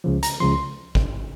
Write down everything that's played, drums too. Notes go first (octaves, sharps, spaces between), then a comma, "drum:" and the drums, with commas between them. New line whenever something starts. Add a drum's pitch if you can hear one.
C#2 C#3 F3
A#5, drum: hi-hat
C#2 C#3 F3 C6
drum: kick G#1